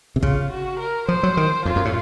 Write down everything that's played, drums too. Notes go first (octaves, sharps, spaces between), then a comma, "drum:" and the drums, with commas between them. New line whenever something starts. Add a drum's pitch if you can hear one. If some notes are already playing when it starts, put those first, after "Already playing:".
C3
C#3 F4, drum: kick
F#4
A#4
F3 C5
F#3
D#3
F2 F4
F#2
A2